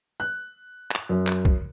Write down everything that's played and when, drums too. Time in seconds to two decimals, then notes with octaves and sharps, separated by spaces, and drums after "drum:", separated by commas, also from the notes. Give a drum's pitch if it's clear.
0.20 F#6
0.92 drum: clap
1.09 F#2
1.27 drum: clap
1.45 drum: kick B1